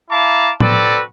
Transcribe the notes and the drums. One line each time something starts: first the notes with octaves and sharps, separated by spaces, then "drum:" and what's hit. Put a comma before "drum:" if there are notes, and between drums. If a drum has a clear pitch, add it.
E4 F5 A5 A#5 D6
C4 F#4 A4 B4 D5, drum: tom A2